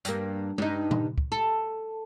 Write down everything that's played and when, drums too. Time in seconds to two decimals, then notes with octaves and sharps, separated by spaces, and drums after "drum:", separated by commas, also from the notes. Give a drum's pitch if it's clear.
0.05 G2 A#3, drum: hi-hat
0.58 G2 D#4, drum: tom G#3
0.91 drum: tom A#2
1.18 drum: kick
1.32 A4